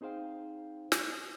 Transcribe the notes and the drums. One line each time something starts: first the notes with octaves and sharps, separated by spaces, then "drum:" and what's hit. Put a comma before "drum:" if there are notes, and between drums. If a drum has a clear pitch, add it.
C4 D#4 G#4 C5 F5 G5
drum: snare